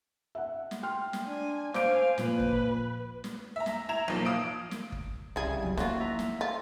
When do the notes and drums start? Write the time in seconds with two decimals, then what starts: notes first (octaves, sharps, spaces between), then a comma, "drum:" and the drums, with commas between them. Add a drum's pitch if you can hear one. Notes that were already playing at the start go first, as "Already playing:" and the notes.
0.35 E5 F#5
0.71 drum: snare
0.83 G5 C6 F6
1.13 drum: snare
1.27 D4 G#5
1.74 C5 F5 G#5 D6 G6 D7, drum: snare
2.18 A#2 F3 B4, drum: snare
2.40 drum: kick
3.24 drum: snare
3.56 E5 A#5
3.66 drum: snare
3.89 E4 A#5 G#6 E7 F7
4.08 B1 F3 A#3
4.25 F5 D#6 D7
4.71 drum: snare
4.92 drum: kick
5.36 C2 C#3 G3 E4 G#4
5.62 G2 F#3
5.77 E3 A#3 D#4 F4 F#4, drum: snare
6.00 E5 A#5
6.19 drum: snare
6.41 F4